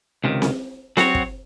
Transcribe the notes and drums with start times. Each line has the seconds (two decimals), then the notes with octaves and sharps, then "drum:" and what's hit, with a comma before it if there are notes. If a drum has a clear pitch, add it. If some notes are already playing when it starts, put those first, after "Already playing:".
0.24 C#2 C3 D#3
0.42 drum: snare C4
0.97 F#3 C4 F#4 C#5, drum: snare C4
1.15 drum: kick